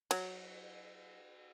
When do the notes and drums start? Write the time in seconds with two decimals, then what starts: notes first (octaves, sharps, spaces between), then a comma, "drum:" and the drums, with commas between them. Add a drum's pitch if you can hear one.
0.11 F#3, drum: cymbal